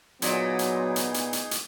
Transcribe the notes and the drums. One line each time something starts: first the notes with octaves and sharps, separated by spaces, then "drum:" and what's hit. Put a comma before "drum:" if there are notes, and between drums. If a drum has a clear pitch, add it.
A#2 F#3 B3 D#4 G#4, drum: hi-hat
drum: hi-hat
drum: hi-hat
drum: hi-hat
drum: hi-hat
drum: hi-hat